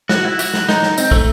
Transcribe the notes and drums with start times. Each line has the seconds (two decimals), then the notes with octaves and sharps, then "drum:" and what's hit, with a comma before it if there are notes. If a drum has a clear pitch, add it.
0.09 F#4, drum: snare
0.25 E4
0.39 F#4, drum: tambourine
0.54 drum: snare
0.69 D#4, drum: snare
0.83 drum: snare
0.98 C4, drum: tambourine
1.11 A3, drum: kick